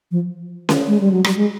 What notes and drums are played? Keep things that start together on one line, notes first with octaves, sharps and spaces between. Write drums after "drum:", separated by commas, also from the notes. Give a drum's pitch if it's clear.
F3
drum: snare C#4
G#3
G3
F#3
G3, drum: rim click
G#3